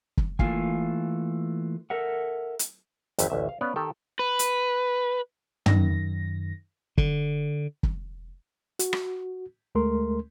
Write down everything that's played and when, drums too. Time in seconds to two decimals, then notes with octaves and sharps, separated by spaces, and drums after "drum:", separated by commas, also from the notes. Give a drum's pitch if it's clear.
0.17 drum: kick
0.39 E3 A3 A#3 F4 F5 G#5, drum: kick
1.90 A4 A#4 E5 F#5
2.59 drum: hi-hat
3.19 G#1 F2 E5, drum: hi-hat
3.30 A1 D2 E5
3.49 F5
3.61 B3 C#4 B4 D5 F5
3.76 D#3 G4 A4
4.19 B4
4.39 drum: hi-hat
5.66 F#2 D#3 A#6, drum: tom
6.98 D3, drum: kick
7.83 drum: kick
8.79 F#4, drum: hi-hat
8.93 drum: rim click
9.75 D2 G#3 A3 A#4 C6